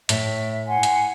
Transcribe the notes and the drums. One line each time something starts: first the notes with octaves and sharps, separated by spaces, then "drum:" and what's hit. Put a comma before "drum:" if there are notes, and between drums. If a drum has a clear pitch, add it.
A2 E5, drum: hi-hat
F#5 G#5 C6
drum: hi-hat